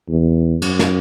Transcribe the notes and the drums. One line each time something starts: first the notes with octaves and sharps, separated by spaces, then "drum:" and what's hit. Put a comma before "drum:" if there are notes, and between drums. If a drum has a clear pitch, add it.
E2
F#2, drum: cymbal
drum: snare